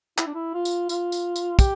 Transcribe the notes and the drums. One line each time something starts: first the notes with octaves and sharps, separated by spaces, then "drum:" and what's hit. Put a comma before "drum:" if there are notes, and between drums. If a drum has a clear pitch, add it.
E4, drum: clap
D4
E4
F4
drum: tambourine
F4, drum: tambourine
drum: tambourine
drum: tambourine
G4, drum: kick, tambourine